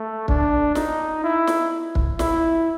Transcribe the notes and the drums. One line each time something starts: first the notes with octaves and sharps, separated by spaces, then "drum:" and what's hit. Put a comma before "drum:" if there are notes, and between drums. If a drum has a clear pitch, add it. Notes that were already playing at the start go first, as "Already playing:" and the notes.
Already playing: A3
D4, drum: kick
D#4, drum: snare
E4
drum: snare
drum: kick
E4, drum: snare